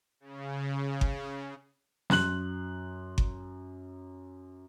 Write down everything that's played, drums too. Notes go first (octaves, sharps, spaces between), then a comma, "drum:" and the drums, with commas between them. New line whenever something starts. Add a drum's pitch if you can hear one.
C#3
drum: kick G1
F#2 C6 F#6 F#7, drum: snare
drum: kick G1